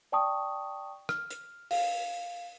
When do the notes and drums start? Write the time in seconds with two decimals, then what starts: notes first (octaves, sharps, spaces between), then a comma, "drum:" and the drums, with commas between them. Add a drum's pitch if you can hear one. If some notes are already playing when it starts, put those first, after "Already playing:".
0.12 D5 G5 A5 C#6 D#6
1.09 F6, drum: rim click
1.30 drum: hi-hat
1.71 F5, drum: open hi-hat